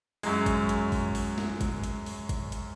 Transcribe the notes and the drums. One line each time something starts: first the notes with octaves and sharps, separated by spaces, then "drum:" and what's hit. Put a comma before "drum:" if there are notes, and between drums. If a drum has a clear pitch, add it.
F#2 F#3 G#3, drum: open hi-hat
drum: kick G#1, hi-hat
drum: hi-hat
drum: kick G#1, open hi-hat
drum: open hi-hat
drum: snare
drum: kick G#1, hi-hat
drum: hi-hat
drum: open hi-hat
drum: kick G#1, hi-hat
drum: hi-hat